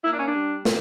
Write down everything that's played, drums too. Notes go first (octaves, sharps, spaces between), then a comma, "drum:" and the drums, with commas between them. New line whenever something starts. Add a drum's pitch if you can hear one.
A#3 E4
D4
C#4
D4
G3
A#3, drum: snare